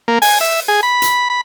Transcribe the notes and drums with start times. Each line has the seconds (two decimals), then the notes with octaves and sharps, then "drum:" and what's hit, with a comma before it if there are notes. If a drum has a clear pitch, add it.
0.08 A#3
0.22 G#5, drum: open hi-hat
0.41 E5
0.68 G#4
0.83 B5
1.02 drum: hi-hat
1.30 B5